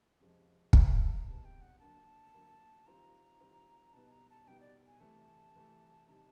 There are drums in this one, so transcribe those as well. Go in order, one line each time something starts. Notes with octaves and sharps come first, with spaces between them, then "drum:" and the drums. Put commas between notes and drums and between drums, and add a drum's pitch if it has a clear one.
F2 C3 F3 G#3 C#4
E2 C3 D#3 G#3 B3 A#5, drum: kick
A5
A#5
E2 C3 D#3 G#3 B3 A5
G5
F#5
D3 F#3 A#3 D4 A5
D3 F#3 A#3 D4
D#3 G3 C4 F4 A#5
D#3 G3 C4 F4
B2 G3 B3 D#4 A5
A#5
A5
B2 G3 B3 D#4 G5
D5
G#5
C3 E3 A3 A5
C3 E3 A3
C3 D#3 G3 A5 A#5